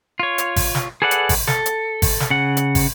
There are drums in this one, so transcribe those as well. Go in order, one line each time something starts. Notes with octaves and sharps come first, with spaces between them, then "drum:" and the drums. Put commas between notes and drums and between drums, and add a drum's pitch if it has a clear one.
F4 C#5
drum: hi-hat
drum: kick, open hi-hat
drum: snare
G#4 A4 B4 D5 F#5
drum: hi-hat
drum: kick, open hi-hat
A4, drum: snare
drum: hi-hat
drum: kick, open hi-hat
drum: snare
C#3 F#5
drum: hi-hat
drum: kick, open hi-hat